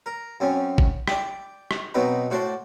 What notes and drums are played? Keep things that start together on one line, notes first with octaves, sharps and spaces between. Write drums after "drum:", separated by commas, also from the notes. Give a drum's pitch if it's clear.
A#4
F#2 C4 C#4
drum: kick G#1
D5 G5, drum: rim click
drum: rim click
B2 F#3 B3 C4 D#4 B4
A2 F#4 C5 D5 A5 C6